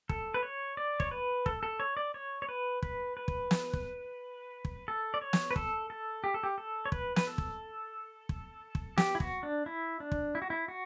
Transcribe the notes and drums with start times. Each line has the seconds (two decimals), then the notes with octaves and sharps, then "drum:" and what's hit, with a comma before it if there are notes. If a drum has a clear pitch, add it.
0.09 A4, drum: kick
0.34 B4
0.43 C#5
0.77 D5
1.00 C#5, drum: kick
1.11 B4
1.46 A4, drum: kick
1.63 A4
1.80 C#5
1.97 D5
2.14 C#5
2.42 C#5
2.49 B4
2.83 B4, drum: kick
3.17 B4
3.28 drum: kick
3.51 drum: snare
3.73 drum: kick
4.65 drum: kick
4.88 A4
5.14 D5
5.22 C#5
5.33 drum: snare
5.51 B4
5.56 A4, drum: kick
5.90 A4
6.24 G4
6.34 A4
6.43 G4
6.58 A4
6.85 C#5
6.92 B4, drum: kick
7.16 B4, drum: snare
7.27 A4
7.38 drum: kick
8.29 drum: kick
8.75 drum: kick
8.98 G4, drum: snare
9.15 E4
9.20 F#4, drum: kick
9.43 D4
9.66 E4
10.00 D4
10.12 drum: kick
10.35 E4
10.42 F#4
10.50 E4
10.68 F#4